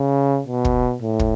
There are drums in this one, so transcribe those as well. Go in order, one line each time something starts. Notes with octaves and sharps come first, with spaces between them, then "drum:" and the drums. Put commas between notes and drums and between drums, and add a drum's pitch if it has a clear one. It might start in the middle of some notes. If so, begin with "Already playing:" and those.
Already playing: C#3
B2
drum: kick
A2
drum: kick